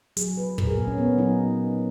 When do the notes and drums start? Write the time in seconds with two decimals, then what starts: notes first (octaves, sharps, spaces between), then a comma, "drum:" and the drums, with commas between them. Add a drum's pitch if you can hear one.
0.17 F#3 G#4, drum: hi-hat
0.37 F#3 B4
0.58 A#2 A#4, drum: kick
0.67 G#4
0.77 A#3
0.87 C#4
0.98 A#3 B3
1.18 F#3 D#4